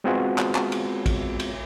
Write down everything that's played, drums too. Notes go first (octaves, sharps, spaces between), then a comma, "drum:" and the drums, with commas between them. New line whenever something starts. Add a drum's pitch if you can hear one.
G#3 B3 C4 F4 F#4 G#4
drum: clap
drum: clap
drum: cymbal
drum: kick, cymbal
drum: cymbal